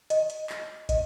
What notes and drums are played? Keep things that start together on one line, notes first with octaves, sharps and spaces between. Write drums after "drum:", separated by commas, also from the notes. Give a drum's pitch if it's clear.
D#5, drum: hi-hat
drum: hi-hat
drum: clap
D#5, drum: kick, hi-hat